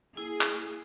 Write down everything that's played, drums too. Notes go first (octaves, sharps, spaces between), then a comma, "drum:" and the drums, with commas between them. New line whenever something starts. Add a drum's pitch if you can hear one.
A#3 E4 G#4
drum: clap